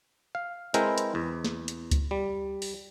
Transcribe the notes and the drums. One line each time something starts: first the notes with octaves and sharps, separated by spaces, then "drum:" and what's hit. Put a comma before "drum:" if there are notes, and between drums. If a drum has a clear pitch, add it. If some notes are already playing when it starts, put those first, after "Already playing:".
F5
G#3 C4 E4 A#4 B4 G5, drum: hi-hat
drum: hi-hat
E2
drum: snare
drum: hi-hat
drum: kick C#2, hi-hat
G3
drum: open hi-hat